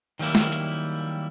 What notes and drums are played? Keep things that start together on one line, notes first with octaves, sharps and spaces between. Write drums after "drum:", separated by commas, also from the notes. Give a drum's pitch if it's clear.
D#3 F#3 G3 A#3 E4
drum: snare
drum: hi-hat